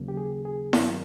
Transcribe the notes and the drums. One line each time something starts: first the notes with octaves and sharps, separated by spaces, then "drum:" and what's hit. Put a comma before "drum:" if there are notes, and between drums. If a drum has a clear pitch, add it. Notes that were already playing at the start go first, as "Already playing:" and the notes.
Already playing: D#2 C#3 F#3 A#3
G4
G#4
G#4
G2 D#3 F#3 A#4, drum: snare E4